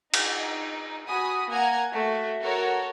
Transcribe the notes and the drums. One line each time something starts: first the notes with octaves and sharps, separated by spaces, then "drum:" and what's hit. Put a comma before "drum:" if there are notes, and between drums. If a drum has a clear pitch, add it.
D#4, drum: cymbal
F#4 G#5 B5 D#6
A#3 F#5 G#5 A#5 G#6
A3 F#4 E5
F#4 A4 A#4 C#5